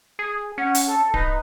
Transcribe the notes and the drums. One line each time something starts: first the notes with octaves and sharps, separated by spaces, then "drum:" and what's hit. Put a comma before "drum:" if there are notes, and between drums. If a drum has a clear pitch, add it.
G#4
C#4 F#5
drum: hi-hat
A4
D#4 B4, drum: kick D1